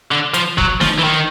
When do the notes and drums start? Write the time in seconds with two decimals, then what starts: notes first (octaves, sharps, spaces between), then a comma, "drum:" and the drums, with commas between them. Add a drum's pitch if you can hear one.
0.11 D3
0.34 F3, drum: hi-hat
0.58 F#3, drum: kick F1
0.81 F3, drum: snare
0.99 E3
1.04 D#3